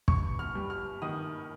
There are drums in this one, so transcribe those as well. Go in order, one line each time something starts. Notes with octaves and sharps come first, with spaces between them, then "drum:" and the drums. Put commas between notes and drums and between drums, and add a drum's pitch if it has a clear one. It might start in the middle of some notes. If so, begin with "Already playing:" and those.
G2 C#6, drum: kick
F6
G3
F6
D#3 D#6